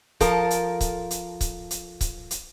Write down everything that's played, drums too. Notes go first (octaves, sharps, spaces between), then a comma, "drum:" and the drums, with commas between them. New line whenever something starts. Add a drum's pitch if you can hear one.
F3 A4 A#4, drum: kick C#1, hi-hat
drum: hi-hat
drum: kick C#1, hi-hat
drum: hi-hat
drum: kick C#1, hi-hat
drum: hi-hat
drum: kick C#1, hi-hat
drum: hi-hat